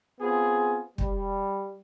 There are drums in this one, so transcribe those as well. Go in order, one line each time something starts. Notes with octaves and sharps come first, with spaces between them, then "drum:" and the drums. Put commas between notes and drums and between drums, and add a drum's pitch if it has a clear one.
B3 C4 F4 G#4
G3, drum: kick